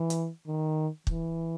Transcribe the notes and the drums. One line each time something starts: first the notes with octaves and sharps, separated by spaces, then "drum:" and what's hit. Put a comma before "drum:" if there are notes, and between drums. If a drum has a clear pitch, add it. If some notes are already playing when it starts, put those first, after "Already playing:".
Already playing: E3
drum: hi-hat
D#3
E3, drum: kick